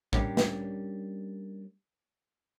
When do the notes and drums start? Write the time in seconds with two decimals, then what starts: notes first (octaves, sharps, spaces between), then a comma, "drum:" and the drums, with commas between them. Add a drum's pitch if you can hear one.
0.13 G3 A#3 C#4 D4 G4 C#5, drum: kick
0.37 drum: snare